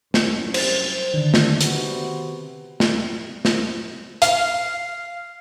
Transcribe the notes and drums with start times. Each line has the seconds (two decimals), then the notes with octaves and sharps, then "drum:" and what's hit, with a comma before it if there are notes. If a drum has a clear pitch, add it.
0.14 C2 F#2, drum: snare
0.54 C5 A6, drum: cymbal
1.14 D3 D#3 D4
1.34 drum: snare
1.61 C3 B3 F#4, drum: hi-hat
2.80 drum: snare
3.45 drum: snare
4.22 F5, drum: hi-hat